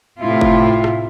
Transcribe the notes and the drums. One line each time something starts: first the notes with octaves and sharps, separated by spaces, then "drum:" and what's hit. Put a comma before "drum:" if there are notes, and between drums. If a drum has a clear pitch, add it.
A2 C3 E4 F4
drum: kick F#1
drum: rim click